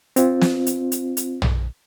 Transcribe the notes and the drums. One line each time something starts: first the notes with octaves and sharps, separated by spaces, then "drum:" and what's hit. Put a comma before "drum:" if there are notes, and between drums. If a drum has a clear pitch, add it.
C4 F4, drum: hi-hat
drum: snare
drum: hi-hat
drum: hi-hat
drum: hi-hat
drum: tom